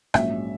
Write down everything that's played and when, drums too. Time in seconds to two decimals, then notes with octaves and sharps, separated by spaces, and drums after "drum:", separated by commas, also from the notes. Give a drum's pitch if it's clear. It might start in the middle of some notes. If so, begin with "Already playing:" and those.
0.14 A#1 G#2 F#3 C#4 E5, drum: rim click